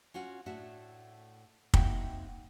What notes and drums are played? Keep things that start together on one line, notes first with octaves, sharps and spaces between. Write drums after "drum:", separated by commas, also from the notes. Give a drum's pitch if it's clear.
C#4 F4 F#4
A2 A3 D4 F#4 E5
A#3 C4 D#4 F#4 E5 G5, drum: kick